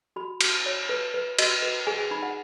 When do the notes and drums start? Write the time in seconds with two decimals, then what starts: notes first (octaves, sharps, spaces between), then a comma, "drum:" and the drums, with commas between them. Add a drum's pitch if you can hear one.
0.16 F#4 B5
0.41 F#4, drum: cymbal
0.66 C#5
0.89 B4
1.14 B4
1.39 F#4 D#5, drum: cymbal
1.62 B4
1.87 G#4 G#5
1.99 G#5
2.11 D#4 B5
2.23 F#5